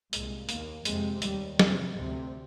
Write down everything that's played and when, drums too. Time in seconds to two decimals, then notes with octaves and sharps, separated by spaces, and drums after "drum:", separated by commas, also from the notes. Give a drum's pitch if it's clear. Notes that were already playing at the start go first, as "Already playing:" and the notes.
0.13 C2 A#2 G#3, drum: hi-hat
0.49 D#2 A#3, drum: hi-hat
0.85 F2 C3 G#3, drum: hi-hat
1.22 D#2 G3, drum: hi-hat
1.59 F2 C3, drum: snare
1.95 D2 C3